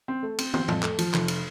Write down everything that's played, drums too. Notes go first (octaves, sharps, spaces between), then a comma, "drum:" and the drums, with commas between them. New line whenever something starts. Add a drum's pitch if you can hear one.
C4
A3
C4, drum: cymbal
C4, drum: tom
F2, drum: tom
A3, drum: clap
F3, drum: cymbal
F1, drum: clap
drum: cymbal